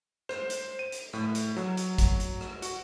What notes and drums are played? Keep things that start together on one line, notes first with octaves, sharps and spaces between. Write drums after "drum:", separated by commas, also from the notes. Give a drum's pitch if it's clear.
C5, drum: rim click
drum: hi-hat
D#7
drum: hi-hat
A2, drum: rim click
drum: hi-hat
F#3, drum: rim click
drum: hi-hat
drum: kick, hi-hat
drum: hi-hat
drum: rim click
F#4, drum: hi-hat